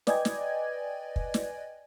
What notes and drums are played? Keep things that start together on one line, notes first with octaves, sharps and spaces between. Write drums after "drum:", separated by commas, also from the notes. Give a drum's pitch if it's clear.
B4 D5 D#5 G5 G#5 G#6, drum: snare
drum: snare
drum: kick
drum: snare